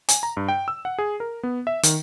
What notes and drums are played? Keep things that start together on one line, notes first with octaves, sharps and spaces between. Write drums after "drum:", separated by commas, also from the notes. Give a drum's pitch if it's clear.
G#5, drum: hi-hat
A#5
G2
G5
E6
F#5
G#4
A#4
B3
E5
D#3, drum: hi-hat